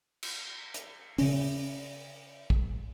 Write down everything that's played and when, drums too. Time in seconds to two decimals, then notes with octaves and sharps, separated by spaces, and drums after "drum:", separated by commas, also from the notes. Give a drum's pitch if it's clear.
0.23 drum: cymbal
0.74 drum: hi-hat
1.18 C#3 C#4, drum: open hi-hat
2.50 drum: kick